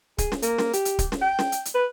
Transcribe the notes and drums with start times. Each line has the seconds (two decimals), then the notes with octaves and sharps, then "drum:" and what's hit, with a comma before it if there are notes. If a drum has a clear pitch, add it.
0.18 G#4, drum: kick D1, hi-hat
0.32 drum: snare
0.42 A#3, drum: hi-hat
0.58 drum: snare
0.73 G4, drum: hi-hat
0.85 drum: hi-hat
0.99 drum: kick D1, hi-hat
1.12 drum: snare
1.21 G5
1.39 drum: snare
1.52 drum: hi-hat
1.65 drum: hi-hat
1.75 B4